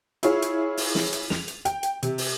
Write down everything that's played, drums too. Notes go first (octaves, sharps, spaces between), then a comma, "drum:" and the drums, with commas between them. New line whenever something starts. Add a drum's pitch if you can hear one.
E4 F4 G#4 C#5, drum: hi-hat
drum: hi-hat
drum: open hi-hat
drum: snare
drum: hi-hat
F7, drum: snare
drum: hi-hat
G5, drum: hi-hat
drum: hi-hat
C3, drum: hi-hat
drum: open hi-hat